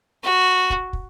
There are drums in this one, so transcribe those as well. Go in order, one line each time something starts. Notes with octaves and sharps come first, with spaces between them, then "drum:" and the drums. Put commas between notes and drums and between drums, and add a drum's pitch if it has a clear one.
F#4
drum: kick
drum: kick